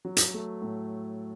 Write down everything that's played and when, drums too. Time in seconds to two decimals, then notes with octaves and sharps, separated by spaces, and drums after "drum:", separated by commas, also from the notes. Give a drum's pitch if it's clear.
0.05 F#3
0.17 drum: hi-hat
0.34 A3
0.62 A2